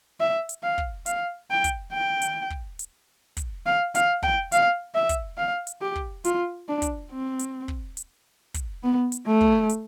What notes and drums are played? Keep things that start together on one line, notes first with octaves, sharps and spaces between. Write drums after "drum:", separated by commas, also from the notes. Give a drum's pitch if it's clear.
E5
drum: hi-hat
F5
drum: kick
F5, drum: hi-hat
G5
drum: kick, hi-hat
G5
drum: hi-hat
drum: kick
drum: hi-hat
drum: kick, hi-hat
F5
F5, drum: hi-hat
G5, drum: kick
F5, drum: hi-hat
E5
drum: kick, hi-hat
F5
drum: hi-hat
G4
drum: kick
F4, drum: hi-hat
D4
drum: kick, hi-hat
C4
drum: hi-hat
drum: kick
drum: hi-hat
drum: kick, hi-hat
B3
drum: hi-hat
A3
drum: kick
drum: hi-hat